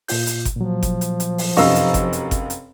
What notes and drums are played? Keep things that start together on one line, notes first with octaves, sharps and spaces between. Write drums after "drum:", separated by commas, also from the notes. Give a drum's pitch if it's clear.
A#2 F4 G6, drum: open hi-hat
drum: hi-hat
drum: kick G1, hi-hat
A#2 F3 F#3
drum: kick G1, hi-hat
drum: hi-hat
drum: hi-hat
drum: open hi-hat
F1 F#2 G4 D#5 F5 C#6 E6, drum: open hi-hat
drum: hi-hat
drum: kick G1, hi-hat
drum: hi-hat
drum: kick G1, hi-hat
drum: hi-hat